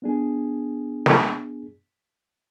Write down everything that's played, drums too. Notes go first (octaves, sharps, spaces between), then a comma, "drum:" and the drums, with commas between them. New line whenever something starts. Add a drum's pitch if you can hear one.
B3 D4 G#4
drum: snare